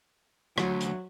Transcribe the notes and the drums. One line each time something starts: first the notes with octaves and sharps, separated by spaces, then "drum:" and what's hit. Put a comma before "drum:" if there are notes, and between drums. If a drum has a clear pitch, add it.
D2 F#3, drum: rim click
drum: hi-hat